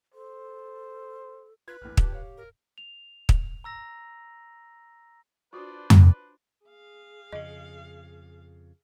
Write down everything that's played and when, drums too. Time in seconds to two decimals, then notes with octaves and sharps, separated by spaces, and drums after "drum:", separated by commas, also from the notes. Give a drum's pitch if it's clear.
0.14 A4 C5
1.68 F4 B4 G#6
1.82 A#1 E2 A2 F6
1.97 F3 G4 A5, drum: kick
2.12 C#5 F5
2.37 A#4
2.78 F7
3.29 drum: kick
3.64 A#5 E6 A#6
5.53 D4 F4 F#4 B4 C5 D5
5.90 drum: tom F2
6.66 G#4 F5
7.33 F2 C#3 D#5